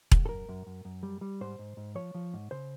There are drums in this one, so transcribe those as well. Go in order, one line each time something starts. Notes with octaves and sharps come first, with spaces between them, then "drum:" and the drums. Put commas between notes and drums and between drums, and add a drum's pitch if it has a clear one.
C2, drum: kick E1
A4
F#2 A#4
F#2
F#2
F#2
G3
G3
G#2 C5
G#2
G#2
F3 C#5
F3
G#2
C#3 C5